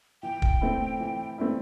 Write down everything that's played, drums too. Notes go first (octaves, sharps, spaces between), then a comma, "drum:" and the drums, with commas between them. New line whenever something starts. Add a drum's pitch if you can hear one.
E3 G5
drum: kick
A3 C4 E4
E3
A3 C4 E4